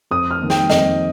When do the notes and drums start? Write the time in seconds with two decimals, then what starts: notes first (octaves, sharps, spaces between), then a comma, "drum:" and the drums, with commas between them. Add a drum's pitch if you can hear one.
0.11 F2 D#6
0.31 F6
0.41 D#3 A#3
0.50 G5, drum: snare
0.70 F2 D#5, drum: snare